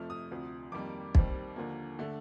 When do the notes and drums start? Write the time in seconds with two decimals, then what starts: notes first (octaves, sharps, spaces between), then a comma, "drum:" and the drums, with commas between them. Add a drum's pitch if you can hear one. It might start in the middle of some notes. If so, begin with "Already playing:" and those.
Already playing: F2 C3 F3 A3 F6
0.10 D#6
0.31 D2 C3 F3
0.72 F2 D#3 G3 A#3 D6
1.15 D#2 D#3 G3 C4, drum: kick
1.56 D#2 D3 F3 A#3
1.99 D3 A3